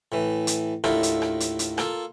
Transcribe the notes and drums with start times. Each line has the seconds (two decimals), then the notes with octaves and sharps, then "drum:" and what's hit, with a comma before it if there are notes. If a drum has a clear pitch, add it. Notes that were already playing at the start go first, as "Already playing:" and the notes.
0.12 A2 E3
0.47 drum: hi-hat
0.84 D#2 A2 D3 E4 F4 A#4, drum: rim click
1.03 drum: hi-hat
1.22 drum: rim click
1.40 drum: hi-hat
1.59 drum: hi-hat
1.78 A#3 F4 A4, drum: rim click